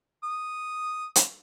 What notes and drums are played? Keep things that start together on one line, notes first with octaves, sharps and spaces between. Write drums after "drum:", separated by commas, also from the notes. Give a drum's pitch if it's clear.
D#6
drum: hi-hat